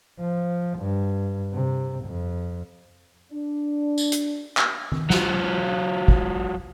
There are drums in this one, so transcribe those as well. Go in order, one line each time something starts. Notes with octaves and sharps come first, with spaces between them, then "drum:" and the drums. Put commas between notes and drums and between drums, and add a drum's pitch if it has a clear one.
F3
G2
C3
F2
D4
drum: tambourine
drum: hi-hat
drum: clap
drum: tom D#3
F#3 F4, drum: snare
drum: kick